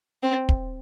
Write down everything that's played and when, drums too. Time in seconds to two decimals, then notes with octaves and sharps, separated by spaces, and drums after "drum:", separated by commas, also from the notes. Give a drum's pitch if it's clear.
0.23 C4
0.49 drum: kick